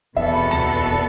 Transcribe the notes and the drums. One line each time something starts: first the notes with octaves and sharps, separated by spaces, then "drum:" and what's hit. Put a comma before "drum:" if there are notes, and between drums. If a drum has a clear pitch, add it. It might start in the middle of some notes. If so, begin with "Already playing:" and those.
E2 B2 B3 A4 E5, drum: kick
B5
A5, drum: tom
drum: kick